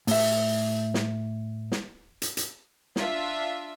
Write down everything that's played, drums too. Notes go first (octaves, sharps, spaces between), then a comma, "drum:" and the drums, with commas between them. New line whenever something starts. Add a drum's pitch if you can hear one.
A2 E5, drum: open hi-hat
drum: snare
drum: snare
drum: hi-hat
drum: hi-hat
D4 F4 E5, drum: snare